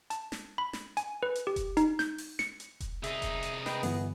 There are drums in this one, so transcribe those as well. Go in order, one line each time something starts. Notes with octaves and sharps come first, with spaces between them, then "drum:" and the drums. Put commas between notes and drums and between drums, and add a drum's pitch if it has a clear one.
A5, drum: hi-hat
drum: snare
B5
drum: snare
G#5, drum: hi-hat
B4
drum: hi-hat
G4
drum: kick E1, hi-hat
D#4, drum: hi-hat
G6, drum: snare
drum: open hi-hat
C#7, drum: snare
drum: hi-hat
drum: kick E1, hi-hat
C2 D#4 G#4 E5, drum: hi-hat
drum: kick E1, hi-hat
drum: hi-hat
B4 D#5 G5, drum: snare
G1 E3 B3, drum: open hi-hat